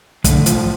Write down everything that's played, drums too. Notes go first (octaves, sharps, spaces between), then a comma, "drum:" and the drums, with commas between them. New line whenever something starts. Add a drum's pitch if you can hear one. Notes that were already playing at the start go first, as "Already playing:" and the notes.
A2 D3, drum: kick, hi-hat
F3, drum: hi-hat